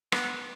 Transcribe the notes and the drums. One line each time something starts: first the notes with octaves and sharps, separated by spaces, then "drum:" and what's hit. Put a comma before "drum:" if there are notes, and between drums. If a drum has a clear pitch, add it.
B3, drum: rim click